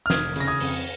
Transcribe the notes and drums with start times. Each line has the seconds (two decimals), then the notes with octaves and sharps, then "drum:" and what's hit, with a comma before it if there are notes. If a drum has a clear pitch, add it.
0.06 F6
0.10 F1 D#6 G#6, drum: snare
0.36 C#3 A#6, drum: hi-hat
0.47 D#6 G#6
0.60 F2, drum: open hi-hat